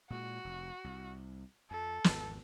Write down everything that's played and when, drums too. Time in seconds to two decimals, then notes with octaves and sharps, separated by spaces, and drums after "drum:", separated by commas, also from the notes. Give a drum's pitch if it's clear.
0.10 A#2 G#3 F#4
0.45 F1
0.84 C2
1.71 F2 A4
2.04 G#1 E2, drum: snare